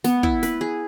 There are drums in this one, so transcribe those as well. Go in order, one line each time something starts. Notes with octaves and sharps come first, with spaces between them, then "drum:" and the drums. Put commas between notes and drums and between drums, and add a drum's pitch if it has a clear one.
B3, drum: snare
E4, drum: kick
B4, drum: snare
G#4